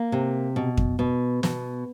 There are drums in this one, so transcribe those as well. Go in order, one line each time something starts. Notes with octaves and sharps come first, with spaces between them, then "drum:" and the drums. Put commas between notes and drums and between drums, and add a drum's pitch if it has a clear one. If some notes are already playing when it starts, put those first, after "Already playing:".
Already playing: A#3
C3
B2
drum: kick F2
B2
B2, drum: snare